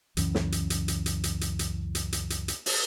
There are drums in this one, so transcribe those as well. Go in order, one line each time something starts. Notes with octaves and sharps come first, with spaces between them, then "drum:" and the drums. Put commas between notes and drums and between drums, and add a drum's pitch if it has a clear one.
C#2 F#2 E3 C#4, drum: hi-hat
drum: snare
drum: hi-hat
drum: hi-hat
drum: hi-hat
drum: hi-hat
drum: hi-hat
drum: hi-hat
drum: hi-hat
drum: hi-hat
drum: hi-hat
drum: hi-hat
drum: hi-hat
drum: open hi-hat